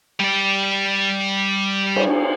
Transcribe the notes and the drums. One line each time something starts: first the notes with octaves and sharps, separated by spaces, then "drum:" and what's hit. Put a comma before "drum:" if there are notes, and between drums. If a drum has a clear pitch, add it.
G3 D5
drum: cymbal